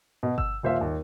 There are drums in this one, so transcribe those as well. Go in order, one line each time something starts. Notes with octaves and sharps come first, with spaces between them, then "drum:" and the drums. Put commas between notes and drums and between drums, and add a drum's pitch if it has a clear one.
B2
E6, drum: kick G1
D#1 C5 E5 F5
D#2